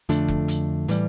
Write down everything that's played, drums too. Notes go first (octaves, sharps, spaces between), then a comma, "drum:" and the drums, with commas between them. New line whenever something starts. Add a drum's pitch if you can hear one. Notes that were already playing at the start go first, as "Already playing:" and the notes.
F2 D3 A3 D4, drum: hi-hat
drum: kick F1
drum: hi-hat
A2 E3 G3, drum: hi-hat